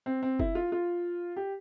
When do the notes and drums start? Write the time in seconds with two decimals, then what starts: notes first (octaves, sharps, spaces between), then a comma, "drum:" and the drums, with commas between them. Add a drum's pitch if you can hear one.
0.06 C4
0.23 C4
0.39 E4, drum: kick
0.55 F4
0.72 F4
1.36 G4